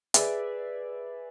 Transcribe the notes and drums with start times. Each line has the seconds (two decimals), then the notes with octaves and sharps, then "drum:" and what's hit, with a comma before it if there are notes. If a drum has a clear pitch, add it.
0.14 G#4 B4 D5 E5, drum: hi-hat